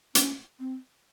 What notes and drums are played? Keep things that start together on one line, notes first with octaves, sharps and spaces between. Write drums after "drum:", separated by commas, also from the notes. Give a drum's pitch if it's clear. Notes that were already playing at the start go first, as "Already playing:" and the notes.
C#4, drum: hi-hat
C4